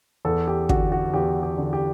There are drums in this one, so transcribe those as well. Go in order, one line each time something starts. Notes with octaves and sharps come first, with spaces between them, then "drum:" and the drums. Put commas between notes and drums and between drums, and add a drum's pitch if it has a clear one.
E2 A4
G4
D3 F#4, drum: kick
F#4
E2 G4
G4
D3
G4